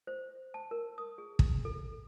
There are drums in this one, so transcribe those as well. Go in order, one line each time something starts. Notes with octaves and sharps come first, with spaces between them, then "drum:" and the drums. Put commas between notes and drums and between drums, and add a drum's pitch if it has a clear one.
C5
A5
A#4
D#6
G#4
drum: kick
A4